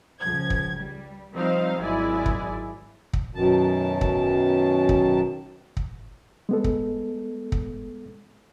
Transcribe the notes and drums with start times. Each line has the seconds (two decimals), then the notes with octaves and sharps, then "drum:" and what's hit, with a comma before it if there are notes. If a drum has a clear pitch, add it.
0.20 C#2 F3 G#6
0.50 drum: kick
0.78 G3
1.34 F3 G3 C4 D#4 C5 F5
1.82 G#1 F#3 G#3 E4 D5 G#5
2.26 drum: kick
3.13 drum: kick
3.35 F#2 B2 D#3 A5
4.01 drum: kick
4.89 drum: kick
5.77 drum: kick
6.49 G#3 B3 A4
6.64 drum: kick
7.52 drum: kick